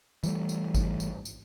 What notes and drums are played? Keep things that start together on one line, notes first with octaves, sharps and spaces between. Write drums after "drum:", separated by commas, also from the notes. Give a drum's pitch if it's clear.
E3 G3 A3, drum: tambourine
drum: tambourine
drum: kick G#1, tambourine
drum: tambourine
drum: tambourine